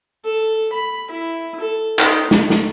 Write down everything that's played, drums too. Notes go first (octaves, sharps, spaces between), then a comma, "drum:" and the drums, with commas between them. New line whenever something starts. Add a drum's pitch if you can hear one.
A4
B5
E4
A4
D#4, drum: clap
A3, drum: snare
drum: snare